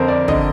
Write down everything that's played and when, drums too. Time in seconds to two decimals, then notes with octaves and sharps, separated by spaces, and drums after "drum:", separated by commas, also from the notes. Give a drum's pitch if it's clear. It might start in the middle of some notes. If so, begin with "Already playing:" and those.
Already playing: F2 D3 A#4 C5
0.08 D5
0.28 D3 D#5, drum: kick